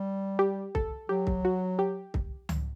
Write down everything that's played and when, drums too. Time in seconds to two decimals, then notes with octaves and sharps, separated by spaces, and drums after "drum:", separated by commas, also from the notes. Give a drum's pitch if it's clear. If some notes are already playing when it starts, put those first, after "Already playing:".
Already playing: G3
0.39 G4
0.75 A4, drum: kick C2
1.09 F#3 G4
1.27 drum: kick C2
1.45 F#4
1.79 G4
2.14 drum: kick C2
2.49 drum: tom C#2